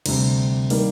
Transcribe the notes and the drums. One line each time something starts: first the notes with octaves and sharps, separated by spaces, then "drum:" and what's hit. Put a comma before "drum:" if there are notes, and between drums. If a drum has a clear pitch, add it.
D2 C3 G3, drum: cymbal
D#3 G3 A#3, drum: open hi-hat